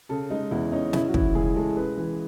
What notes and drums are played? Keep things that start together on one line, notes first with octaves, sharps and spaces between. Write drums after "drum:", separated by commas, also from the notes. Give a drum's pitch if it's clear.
C#3 A4
G#3 D#4
E2 E4
C#4 D#4
C#3 E4, drum: snare
F#4
E3 E4, drum: kick
C#2 G#4
G#3 A4
C#3 B4
E3